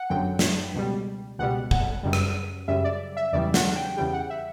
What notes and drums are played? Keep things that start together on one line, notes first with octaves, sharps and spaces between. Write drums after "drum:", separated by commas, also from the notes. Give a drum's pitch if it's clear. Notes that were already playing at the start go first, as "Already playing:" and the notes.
Already playing: F#5
G1 F#2 D3 F#3 G5
drum: snare
C#2 B2 G3
C#2 B2 G3 F#5
F#5, drum: kick
F#2 C#3 G3
drum: rim click
F#2 C#3 G3 E5
D5
E5
E2 C#3 E3 G3 D5
F#5, drum: snare
G5
E2 C#3 E3 G3 G5
F#5
E5